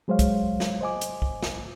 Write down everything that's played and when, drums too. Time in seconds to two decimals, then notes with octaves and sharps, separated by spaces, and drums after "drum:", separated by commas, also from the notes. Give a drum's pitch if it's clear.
0.08 F#3 G#3 C5 C#5 F5
0.19 drum: kick, hi-hat
0.60 drum: snare
0.81 C5 D#5 G#5 D6
1.01 drum: hi-hat
1.22 drum: kick
1.43 drum: snare